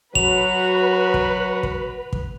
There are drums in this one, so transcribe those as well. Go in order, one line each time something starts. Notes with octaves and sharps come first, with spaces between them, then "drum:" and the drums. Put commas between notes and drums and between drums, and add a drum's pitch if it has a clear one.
F#3 F#4 B4 F7, drum: kick
drum: kick
drum: kick
drum: kick